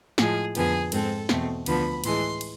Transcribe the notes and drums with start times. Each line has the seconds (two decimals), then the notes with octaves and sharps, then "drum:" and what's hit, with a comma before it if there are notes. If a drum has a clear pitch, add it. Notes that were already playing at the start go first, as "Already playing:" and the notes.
0.18 A2 F3 G#3 G#4, drum: snare
0.55 F2 D3 F3 B3 G#4, drum: cymbal
0.92 G#2 G#3 C4 A4, drum: cymbal
1.29 E2 B2 A3 C4, drum: snare
1.66 D2 D3 F3 B3 B5, drum: cymbal
2.04 A2 E3 G#3 C6, drum: cymbal
2.41 drum: cymbal